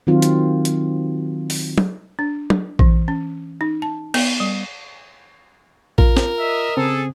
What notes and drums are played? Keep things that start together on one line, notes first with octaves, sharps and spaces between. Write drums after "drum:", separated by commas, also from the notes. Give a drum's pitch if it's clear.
D#3 F#3 C4 F4
drum: hi-hat
drum: hi-hat
drum: open hi-hat
drum: tom F#3
D4
drum: tom F#3
E3, drum: kick A#1
C#4
D#4
A5
B3, drum: cymbal
G3
F4 A#4, drum: kick A#1
drum: snare
D#5 E5
C#3 C4 G#4 A4